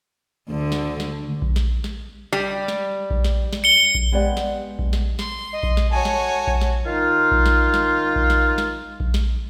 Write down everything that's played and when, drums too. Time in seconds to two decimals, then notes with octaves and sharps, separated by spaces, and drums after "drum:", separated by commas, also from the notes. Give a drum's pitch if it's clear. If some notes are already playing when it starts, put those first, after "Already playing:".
0.50 D2 D3
0.72 drum: snare
1.00 drum: snare
1.42 drum: kick A#1
1.56 drum: snare
1.84 drum: snare
2.33 G3
2.68 drum: snare
3.10 drum: kick A#1
3.24 drum: snare
3.53 drum: snare
3.64 C#7 G7
3.95 drum: kick A#1
4.12 G#3 B3 G4 D5 F#5
4.37 drum: snare
4.79 drum: kick A#1
4.93 drum: snare
5.19 C6, drum: snare
5.53 D#5
5.63 drum: kick A#1
5.77 drum: snare
5.91 F#4 A4 C#5 G#5
6.05 drum: snare
6.47 drum: kick A#1
6.61 drum: snare
6.85 D#3 D#4 F4
7.32 drum: kick A#1
7.46 drum: snare
7.74 drum: snare
8.16 drum: kick A#1
8.30 drum: snare
8.58 drum: snare
9.00 drum: kick A#1
9.14 drum: snare